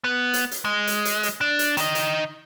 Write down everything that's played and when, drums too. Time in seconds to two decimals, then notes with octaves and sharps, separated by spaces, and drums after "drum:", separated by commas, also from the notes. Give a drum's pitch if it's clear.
0.04 B3
0.34 drum: hi-hat
0.51 drum: hi-hat
0.65 G#3
0.87 drum: hi-hat
1.05 drum: hi-hat
1.23 drum: hi-hat
1.41 D4
1.59 drum: hi-hat
1.77 D#3 D#5, drum: hi-hat
1.95 drum: hi-hat